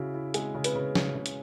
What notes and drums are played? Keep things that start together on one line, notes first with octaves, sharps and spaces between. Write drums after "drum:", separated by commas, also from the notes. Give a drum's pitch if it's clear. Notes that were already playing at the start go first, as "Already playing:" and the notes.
Already playing: C#3 E4 F#4
E4
G#3 G#4, drum: hi-hat
C#3
B4, drum: hi-hat
C#3
C#3, drum: snare
C#3
drum: hi-hat